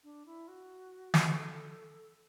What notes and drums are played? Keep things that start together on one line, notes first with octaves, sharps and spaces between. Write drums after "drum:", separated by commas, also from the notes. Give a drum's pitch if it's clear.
D4
E4
F#4
drum: snare
A4